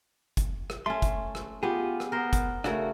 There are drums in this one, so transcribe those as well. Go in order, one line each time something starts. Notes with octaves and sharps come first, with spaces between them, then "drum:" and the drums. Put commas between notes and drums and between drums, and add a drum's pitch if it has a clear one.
drum: kick, hi-hat
drum: rim click
A3 C#4 C6
drum: kick, hi-hat
drum: rim click
B3 F4 G4 G#4
drum: rim click
B3 A#4 C5
drum: kick, hi-hat
C#3 A3 D4 F#4 A#4, drum: rim click